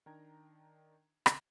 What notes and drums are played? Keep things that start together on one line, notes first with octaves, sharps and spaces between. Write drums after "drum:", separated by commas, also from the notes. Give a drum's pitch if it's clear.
D#3 D4 G5 A#5 G#6
drum: rim click